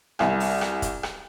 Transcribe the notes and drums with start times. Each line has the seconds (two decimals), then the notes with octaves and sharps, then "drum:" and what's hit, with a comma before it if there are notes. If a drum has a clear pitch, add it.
0.19 C2 G#5, drum: rim click
0.40 drum: open hi-hat
0.61 drum: rim click
0.82 drum: kick, hi-hat
1.03 drum: rim click